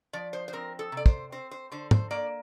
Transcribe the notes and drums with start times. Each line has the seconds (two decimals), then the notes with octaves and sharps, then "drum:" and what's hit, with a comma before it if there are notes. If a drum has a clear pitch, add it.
0.13 F3 D5
0.33 C5
0.48 C5
0.53 C4 A#4
0.79 A4
0.92 C3
0.97 D5
1.06 C5, drum: kick
1.32 C4 C5
1.51 C5
1.72 D3 C5
1.91 C5, drum: tom
2.11 A#3 D5